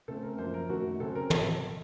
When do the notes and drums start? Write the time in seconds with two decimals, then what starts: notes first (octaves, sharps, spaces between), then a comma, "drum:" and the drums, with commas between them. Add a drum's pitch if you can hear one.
0.08 C#3 A3 C4 A4
0.23 A#4
0.38 F#2 F3 A#3 C5
0.54 A#4
0.69 F#2 D#3 A3 F#4
1.00 C#3 F#3 C4 A4
1.15 A#4
1.30 C3 A4, drum: tom